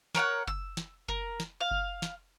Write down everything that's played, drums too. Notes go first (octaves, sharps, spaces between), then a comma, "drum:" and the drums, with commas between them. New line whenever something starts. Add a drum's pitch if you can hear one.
A#4 C#5 F5 F#5, drum: snare
E6, drum: kick F#1
drum: snare
A#4, drum: kick F#1
drum: snare
F5
drum: kick F#1
drum: snare